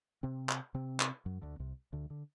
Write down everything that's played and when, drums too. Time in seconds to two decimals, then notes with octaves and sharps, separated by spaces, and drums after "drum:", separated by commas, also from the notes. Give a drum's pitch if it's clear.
0.23 C3 C4
0.49 drum: clap
0.74 C3 C4
1.00 drum: clap
1.26 F#2 F#3
1.42 D2 D3
1.59 C2 C3
1.93 D2 D3
2.10 D3